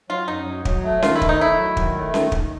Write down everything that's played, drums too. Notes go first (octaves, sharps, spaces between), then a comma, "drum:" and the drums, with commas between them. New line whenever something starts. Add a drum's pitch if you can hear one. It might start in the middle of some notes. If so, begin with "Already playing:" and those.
F#3 F4
F#2 D#4
F#3
F#3, drum: kick
A3
D#3 F4, drum: snare C#4
E4
A3, drum: kick
D#4
A3 E4
F#3
D#3, drum: kick
A3
D#3, drum: snare C#4
D#3, drum: kick